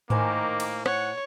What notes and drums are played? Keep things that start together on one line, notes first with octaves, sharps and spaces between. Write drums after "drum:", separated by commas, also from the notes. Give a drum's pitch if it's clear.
A2 D#3 A#3 C5 G#5 D6, drum: tom G#2
drum: cymbal
C#5 F#5, drum: rim click